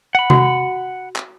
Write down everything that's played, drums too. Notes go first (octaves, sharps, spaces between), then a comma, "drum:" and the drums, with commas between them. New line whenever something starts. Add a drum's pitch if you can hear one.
F#5 B5
F#4, drum: tom C3
drum: clap